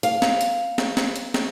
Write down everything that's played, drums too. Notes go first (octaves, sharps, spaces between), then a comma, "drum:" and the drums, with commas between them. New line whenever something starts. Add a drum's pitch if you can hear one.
F5, drum: hi-hat
drum: snare
drum: hi-hat
drum: snare
drum: snare
drum: hi-hat
drum: snare